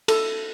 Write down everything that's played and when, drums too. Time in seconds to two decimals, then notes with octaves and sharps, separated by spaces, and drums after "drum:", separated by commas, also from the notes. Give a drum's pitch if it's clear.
0.08 A4, drum: cymbal